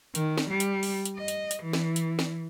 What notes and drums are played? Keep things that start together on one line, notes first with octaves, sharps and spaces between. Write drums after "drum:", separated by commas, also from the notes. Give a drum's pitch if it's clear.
D#3, drum: hi-hat
drum: snare
G3
drum: hi-hat
drum: open hi-hat
drum: hi-hat
D#5
drum: hi-hat
drum: hi-hat
E3
drum: snare
drum: hi-hat
drum: snare